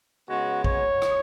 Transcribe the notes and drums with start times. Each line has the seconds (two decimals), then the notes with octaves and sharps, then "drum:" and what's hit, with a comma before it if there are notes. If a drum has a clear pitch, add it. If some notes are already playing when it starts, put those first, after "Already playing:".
0.28 C#3 G#3 B3 F#4
0.64 C#5, drum: kick A#1
1.02 drum: rim click